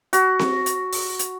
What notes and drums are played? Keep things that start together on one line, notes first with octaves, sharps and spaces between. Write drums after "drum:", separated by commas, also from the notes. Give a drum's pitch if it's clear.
F#4, drum: hi-hat
drum: snare C4
drum: hi-hat
drum: open hi-hat
drum: hi-hat